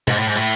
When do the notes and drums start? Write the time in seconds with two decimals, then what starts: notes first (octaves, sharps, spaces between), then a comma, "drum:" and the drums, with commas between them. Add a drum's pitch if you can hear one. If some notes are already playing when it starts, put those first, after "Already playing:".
0.08 G#2, drum: tom
0.17 A2
0.27 G#2
0.36 A2, drum: hi-hat